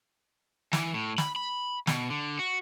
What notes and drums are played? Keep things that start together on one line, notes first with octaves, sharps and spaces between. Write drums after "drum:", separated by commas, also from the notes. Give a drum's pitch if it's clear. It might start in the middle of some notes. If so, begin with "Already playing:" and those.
E3, drum: snare
A2
B5, drum: snare
B5
B2, drum: snare
D3
F#4